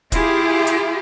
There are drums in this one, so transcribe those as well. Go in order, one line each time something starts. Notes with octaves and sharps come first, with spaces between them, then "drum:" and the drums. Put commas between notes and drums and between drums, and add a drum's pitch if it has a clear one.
E4 F4 G4 G#4, drum: kick, hi-hat
drum: hi-hat